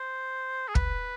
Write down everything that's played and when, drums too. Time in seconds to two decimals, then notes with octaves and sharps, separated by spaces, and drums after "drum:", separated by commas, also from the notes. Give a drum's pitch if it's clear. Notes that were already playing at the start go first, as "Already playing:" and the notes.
Already playing: C5
0.68 G#4
0.75 B4, drum: kick